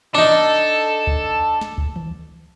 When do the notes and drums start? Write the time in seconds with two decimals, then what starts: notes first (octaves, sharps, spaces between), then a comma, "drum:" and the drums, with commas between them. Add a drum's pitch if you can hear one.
0.15 D4 D#4 A4
1.07 drum: kick C#2
1.61 drum: snare
1.78 drum: kick C#2
1.96 drum: tom D#3